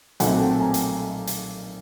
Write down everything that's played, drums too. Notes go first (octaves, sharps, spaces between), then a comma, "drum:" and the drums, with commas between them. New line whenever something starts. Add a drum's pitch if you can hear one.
B1 A#2 F#3 A3 C4 F#5 G#5, drum: hi-hat
G5 A5
G#5 A#5
drum: hi-hat
drum: hi-hat